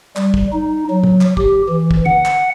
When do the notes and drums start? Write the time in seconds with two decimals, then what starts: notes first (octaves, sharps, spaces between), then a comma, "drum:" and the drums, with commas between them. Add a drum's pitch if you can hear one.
0.16 G3, drum: clap
0.34 drum: kick
0.52 D#4
0.90 F#3
1.04 drum: tom
1.21 drum: clap
1.37 G4, drum: kick
1.69 E3
1.91 drum: kick
2.06 F#5, drum: tom
2.25 drum: clap